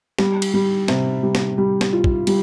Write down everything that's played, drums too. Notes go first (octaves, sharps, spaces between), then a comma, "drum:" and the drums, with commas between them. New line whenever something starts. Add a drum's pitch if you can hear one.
G3, drum: snare
drum: cymbal
G3
C3, drum: snare
G3
drum: snare
G3
drum: snare
F4
drum: kick
G3, drum: cymbal